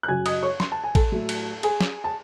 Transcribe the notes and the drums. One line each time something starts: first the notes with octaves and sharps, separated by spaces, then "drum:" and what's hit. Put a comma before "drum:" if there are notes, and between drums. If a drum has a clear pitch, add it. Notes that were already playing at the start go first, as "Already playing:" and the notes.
F#6
F#2 C#3 F#3 G#5 G#6
D#5 D#6, drum: cymbal
C#5 C#6
C6, drum: snare
A5
G#5
A4 A5, drum: kick, cymbal
A2 F#3 A3
drum: cymbal
G#4 G#5, drum: cymbal
drum: snare
A5